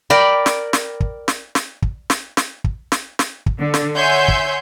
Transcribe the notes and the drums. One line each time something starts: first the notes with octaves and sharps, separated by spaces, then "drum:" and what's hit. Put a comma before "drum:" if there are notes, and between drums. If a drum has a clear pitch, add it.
A#4 D5 G5 B5
drum: snare
drum: snare
drum: kick
drum: snare
drum: snare
drum: kick
drum: snare
drum: snare
drum: kick
drum: snare
drum: snare
drum: kick
D3
drum: snare
C#5 E5 F#5 G#5 C6 G6
drum: kick